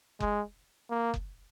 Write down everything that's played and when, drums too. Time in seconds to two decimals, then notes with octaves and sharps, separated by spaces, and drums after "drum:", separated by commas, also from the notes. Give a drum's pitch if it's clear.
0.20 G#3, drum: kick F#1
0.90 A#3
1.14 drum: kick F#1